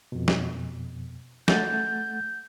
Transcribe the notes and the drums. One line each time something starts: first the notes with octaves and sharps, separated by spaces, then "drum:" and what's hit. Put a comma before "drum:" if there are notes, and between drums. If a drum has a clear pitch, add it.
F2 B2
drum: snare
A3 F#5 G6 A6, drum: snare